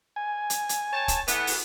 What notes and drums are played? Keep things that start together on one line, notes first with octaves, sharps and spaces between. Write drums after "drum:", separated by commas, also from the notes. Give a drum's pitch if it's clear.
G#5
drum: hi-hat
drum: hi-hat
C#5 G5 A5
drum: kick, hi-hat
E3 A3 B3, drum: hi-hat
drum: open hi-hat